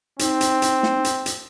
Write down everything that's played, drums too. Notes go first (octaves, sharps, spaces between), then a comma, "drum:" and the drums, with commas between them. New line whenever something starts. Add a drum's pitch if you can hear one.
C4 D#4, drum: hi-hat
drum: hi-hat
drum: hi-hat
drum: snare
drum: hi-hat
drum: hi-hat